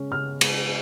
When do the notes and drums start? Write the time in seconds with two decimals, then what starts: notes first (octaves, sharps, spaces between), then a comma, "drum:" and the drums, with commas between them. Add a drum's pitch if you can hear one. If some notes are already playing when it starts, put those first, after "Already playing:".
Already playing: C#3 G#3 C#4
0.12 C#3 F6
0.41 G#3, drum: cymbal